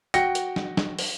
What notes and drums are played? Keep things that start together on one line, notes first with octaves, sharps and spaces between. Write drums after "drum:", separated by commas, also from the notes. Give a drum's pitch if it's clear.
F#4 G5 A#6 C#7, drum: hi-hat
drum: hi-hat
drum: snare
drum: snare
drum: open hi-hat